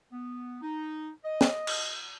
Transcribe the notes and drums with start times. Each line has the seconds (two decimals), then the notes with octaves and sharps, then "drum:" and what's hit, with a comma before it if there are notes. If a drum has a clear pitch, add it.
0.12 B3
0.61 D#4
1.24 D#5
1.41 drum: snare
1.67 drum: cymbal